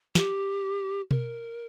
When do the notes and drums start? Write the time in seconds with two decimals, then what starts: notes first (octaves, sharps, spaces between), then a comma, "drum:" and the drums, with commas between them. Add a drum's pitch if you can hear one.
0.15 G4, drum: snare
1.11 A#4, drum: tom B2